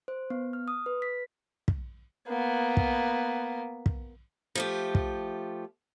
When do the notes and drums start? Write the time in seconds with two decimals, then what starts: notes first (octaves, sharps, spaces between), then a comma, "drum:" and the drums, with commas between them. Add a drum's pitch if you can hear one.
0.08 C5
0.30 B3
0.53 F6
0.68 D#6
0.86 B4
1.02 B6
1.68 drum: kick
2.28 A#3 B3
2.77 drum: kick
3.86 drum: kick
4.55 F3 A3 G4
4.95 drum: kick